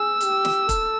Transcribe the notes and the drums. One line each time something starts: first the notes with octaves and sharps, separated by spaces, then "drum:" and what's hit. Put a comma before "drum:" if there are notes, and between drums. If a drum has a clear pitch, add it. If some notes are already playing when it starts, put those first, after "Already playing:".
Already playing: G#4 E6
G4, drum: hi-hat
drum: snare
A4, drum: kick, hi-hat